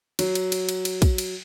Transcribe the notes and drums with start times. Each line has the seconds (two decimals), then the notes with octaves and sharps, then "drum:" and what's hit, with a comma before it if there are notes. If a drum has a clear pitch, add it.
0.19 F#3, drum: cymbal
0.35 drum: cymbal
0.52 drum: cymbal
0.69 drum: cymbal
0.85 drum: cymbal
1.02 drum: kick, cymbal
1.18 drum: cymbal